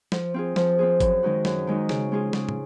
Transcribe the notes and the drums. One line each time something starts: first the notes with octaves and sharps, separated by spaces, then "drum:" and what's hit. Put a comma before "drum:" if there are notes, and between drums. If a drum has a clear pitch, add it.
F3, drum: snare
C4 F4 G#4
F3, drum: snare
C4 F4 G#4
F#2, drum: kick G#1, hi-hat
D#3 G#3 D#4 F#4
F#2, drum: snare
D#3 G#3 D#4 F#4
C#3, drum: snare
G#3 C#4 F4 G#4
C#3, drum: snare
drum: tom